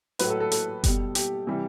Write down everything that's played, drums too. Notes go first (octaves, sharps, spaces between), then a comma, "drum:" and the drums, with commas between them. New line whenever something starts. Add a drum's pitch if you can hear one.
A2 F#3 B4, drum: hi-hat
A4
A4
A4, drum: hi-hat
B2 G3, drum: kick F#1, hi-hat
G4, drum: hi-hat
C3 E3 G3